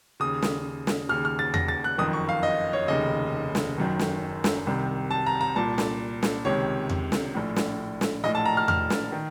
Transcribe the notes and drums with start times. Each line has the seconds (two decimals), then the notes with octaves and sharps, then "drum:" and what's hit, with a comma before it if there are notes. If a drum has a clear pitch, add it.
0.20 D#2 C#3 D#6
0.42 drum: snare
0.87 drum: snare
1.09 D#2 C#3 F6
1.25 F6
1.39 A6
1.54 A#6, drum: tom E2
1.68 A6
1.84 F#6
1.98 F#1 F2 D#3 D#6
2.13 C#6
2.29 F5
2.43 D#5
2.73 C#5
2.88 F1 D#2 C#3 D#5
3.55 drum: snare
3.78 F#1 F#2 D#3
3.99 drum: snare
4.44 drum: snare
4.67 C2 C3 D#3
5.11 A5
5.26 A#5
5.41 A#5
5.56 C2 A#2 A5
5.78 drum: snare
6.23 drum: snare
6.45 C#2 C3 D#3 C#5
6.89 drum: tom E2
7.12 drum: snare
7.34 A#1 A2
7.56 drum: snare
8.01 drum: snare
8.24 A#1 A2 D#5
8.35 A5
8.45 A#5
8.57 F6
8.68 F6, drum: tom E2
8.90 drum: snare
9.12 D#3